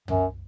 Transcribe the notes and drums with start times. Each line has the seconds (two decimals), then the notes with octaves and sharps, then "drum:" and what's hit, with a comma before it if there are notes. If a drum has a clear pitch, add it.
0.08 F#2, drum: tom